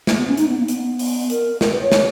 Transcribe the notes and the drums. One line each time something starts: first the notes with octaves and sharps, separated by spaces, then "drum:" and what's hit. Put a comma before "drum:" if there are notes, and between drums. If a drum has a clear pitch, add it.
A#3, drum: snare
B3
C#4
D#4, drum: hi-hat
B3
A#3
B3, drum: hi-hat
drum: open hi-hat
A#4, drum: hi-hat
A#4, drum: snare
B4
C#5
drum: snare